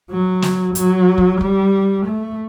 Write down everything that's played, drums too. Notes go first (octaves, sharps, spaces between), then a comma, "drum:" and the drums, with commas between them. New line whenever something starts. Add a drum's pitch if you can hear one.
F#3
drum: snare
F#3, drum: hi-hat
drum: kick
G3, drum: kick
A3